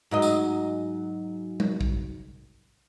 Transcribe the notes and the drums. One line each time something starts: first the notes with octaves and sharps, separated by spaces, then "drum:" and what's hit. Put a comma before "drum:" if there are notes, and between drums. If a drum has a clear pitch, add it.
G#2 F#3 D#5
drum: tambourine
drum: tom G3
drum: kick A#1